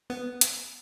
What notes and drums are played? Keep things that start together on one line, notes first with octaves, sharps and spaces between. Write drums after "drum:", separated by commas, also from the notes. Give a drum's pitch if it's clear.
B3
drum: hi-hat